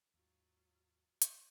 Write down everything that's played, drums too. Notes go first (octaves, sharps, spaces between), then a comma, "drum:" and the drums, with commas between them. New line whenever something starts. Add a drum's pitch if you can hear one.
D#2 G#2 F#3 F4
drum: hi-hat